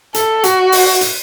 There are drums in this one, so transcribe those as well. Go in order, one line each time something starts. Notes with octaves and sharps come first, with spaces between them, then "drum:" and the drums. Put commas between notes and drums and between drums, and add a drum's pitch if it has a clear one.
A4, drum: hi-hat
F#4, drum: hi-hat
drum: open hi-hat
drum: hi-hat